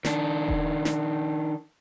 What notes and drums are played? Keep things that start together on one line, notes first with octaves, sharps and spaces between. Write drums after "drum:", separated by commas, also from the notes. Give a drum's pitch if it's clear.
D#3 D4, drum: snare
drum: kick E1
drum: snare